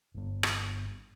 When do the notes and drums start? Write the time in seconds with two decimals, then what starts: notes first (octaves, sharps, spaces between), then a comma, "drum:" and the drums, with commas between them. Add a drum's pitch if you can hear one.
0.15 G1 G2
0.43 drum: rim click